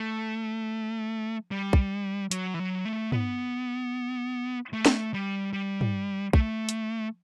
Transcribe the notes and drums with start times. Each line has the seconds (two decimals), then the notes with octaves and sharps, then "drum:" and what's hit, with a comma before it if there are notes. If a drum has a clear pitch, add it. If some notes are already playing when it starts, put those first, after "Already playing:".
Already playing: A3
1.51 G3
1.73 drum: kick
2.31 F#3, drum: hi-hat
2.54 E3
2.59 F#3
2.85 A3
3.12 B3, drum: tom
4.73 A3
4.86 drum: snare
5.14 G3
5.53 G3
5.81 drum: tom
6.33 A3, drum: kick
6.69 drum: hi-hat